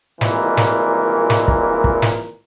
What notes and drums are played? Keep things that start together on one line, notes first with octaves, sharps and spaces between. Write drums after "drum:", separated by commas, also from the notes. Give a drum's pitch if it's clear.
C2 A#2 D#3 E3 G#3 A#4, drum: snare
drum: snare
drum: snare
drum: kick
drum: kick
drum: snare